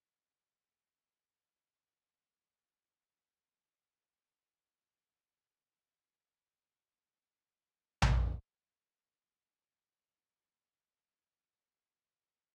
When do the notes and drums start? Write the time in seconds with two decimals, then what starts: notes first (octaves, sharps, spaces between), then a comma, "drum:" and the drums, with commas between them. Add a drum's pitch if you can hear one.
0.39 G#5 C6
1.28 G3
1.60 E5 C6
3.41 D3
3.57 G1
3.93 A#3
4.17 A#1
4.40 G1
4.54 C2
4.67 A3
4.97 F2
5.25 D#3
5.42 E1
5.63 C#2
5.87 A#3
7.56 D5 B5
8.02 drum: tom A#1
9.98 D4 F#4 C5 C#5
10.71 A3 F#4
11.12 A#3
11.36 G4 F#5
11.75 E3 G#3 D4 E4 G#4
12.04 G2 F#3 A#3 F4